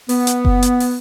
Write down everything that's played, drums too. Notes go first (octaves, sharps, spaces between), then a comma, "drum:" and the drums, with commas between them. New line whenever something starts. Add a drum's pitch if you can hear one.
B3, drum: open hi-hat
drum: hi-hat
drum: kick F#1
drum: hi-hat
drum: open hi-hat